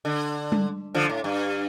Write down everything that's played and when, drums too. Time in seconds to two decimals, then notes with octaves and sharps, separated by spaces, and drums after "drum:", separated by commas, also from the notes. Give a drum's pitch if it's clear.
0.05 D3
0.52 drum: tom G3
0.94 D3 F3
1.09 A2
1.24 G2